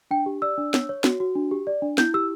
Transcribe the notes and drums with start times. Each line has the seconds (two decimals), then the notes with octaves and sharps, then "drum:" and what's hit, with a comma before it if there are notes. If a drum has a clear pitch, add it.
0.11 D4 G5
0.26 G4
0.42 D5 E6
0.58 D4
0.74 C#5, drum: snare
0.89 C#5
1.04 F#4, drum: snare
1.20 F#4
1.35 D4
1.51 G4
1.67 D5
1.82 D4
1.98 E4 G6, drum: snare
2.14 G4 E6